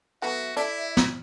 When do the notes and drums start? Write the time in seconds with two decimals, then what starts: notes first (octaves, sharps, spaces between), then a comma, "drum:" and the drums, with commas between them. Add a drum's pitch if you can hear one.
0.22 F#3 A3 B3 F#4 E5
0.57 E4 A4 D5, drum: hi-hat
0.97 drum: snare